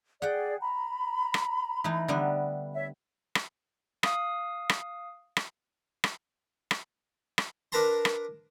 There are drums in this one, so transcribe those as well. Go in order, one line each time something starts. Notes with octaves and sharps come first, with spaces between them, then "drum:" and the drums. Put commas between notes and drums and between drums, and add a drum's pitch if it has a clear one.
G#4 D5 F#5 G5
A#5 B5
drum: rim click
E3 A3 D#4
D3 G3 B3
C#5 E5
drum: rim click
F5 D#6, drum: rim click
drum: rim click
drum: rim click
drum: rim click
drum: rim click
drum: rim click
D4 A#4 B4 A5 A#5 C6
drum: rim click